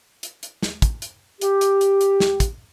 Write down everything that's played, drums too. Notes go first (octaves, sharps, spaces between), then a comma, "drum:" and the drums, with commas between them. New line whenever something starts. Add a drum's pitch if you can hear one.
drum: hi-hat
drum: hi-hat
drum: snare
drum: kick, hi-hat
drum: hi-hat
G4, drum: hi-hat
drum: hi-hat
drum: hi-hat
drum: hi-hat
drum: snare
drum: kick, hi-hat